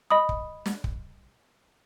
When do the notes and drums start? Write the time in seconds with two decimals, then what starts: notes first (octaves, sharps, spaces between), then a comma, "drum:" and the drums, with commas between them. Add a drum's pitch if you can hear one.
0.10 D#5 B5 D#6
0.29 drum: kick
0.66 drum: snare
0.84 drum: kick